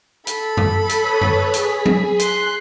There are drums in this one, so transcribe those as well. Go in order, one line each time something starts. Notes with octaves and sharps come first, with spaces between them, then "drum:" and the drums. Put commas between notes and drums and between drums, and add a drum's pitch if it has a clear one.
A4 B5, drum: hi-hat
drum: tom F#2
drum: hi-hat
B4 C#5 D#6
drum: tom F#2
G#4 B6, drum: hi-hat
drum: tom F#3
C6 F#6, drum: hi-hat